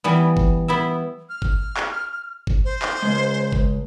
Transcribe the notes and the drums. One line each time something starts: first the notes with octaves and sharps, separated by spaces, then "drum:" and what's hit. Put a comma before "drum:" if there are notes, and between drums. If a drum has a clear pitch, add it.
E3 G3 B3
drum: kick F#1
B3 E4 E5
F6
drum: kick F#1
drum: clap
drum: kick F#1
C5
drum: clap
C#3 G#3
drum: kick F#1